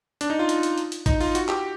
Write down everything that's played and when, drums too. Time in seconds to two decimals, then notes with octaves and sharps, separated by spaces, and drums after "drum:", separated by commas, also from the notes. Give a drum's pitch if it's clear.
0.21 D4, drum: hi-hat
0.30 D#4
0.39 F4
0.49 drum: hi-hat
0.63 drum: hi-hat
0.78 drum: hi-hat
0.92 drum: hi-hat
1.06 D#4, drum: kick A1, hi-hat
1.21 F4, drum: open hi-hat
1.35 F#4, drum: hi-hat
1.49 G4, drum: clap